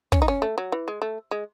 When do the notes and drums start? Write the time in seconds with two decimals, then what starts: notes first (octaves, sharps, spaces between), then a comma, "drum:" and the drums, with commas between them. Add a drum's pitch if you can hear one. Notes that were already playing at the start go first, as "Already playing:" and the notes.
0.12 C#4, drum: kick
0.22 D#4
0.28 C#4
0.42 A3
0.58 F#3
0.72 E3
0.88 G#3
1.02 A3
1.31 G#3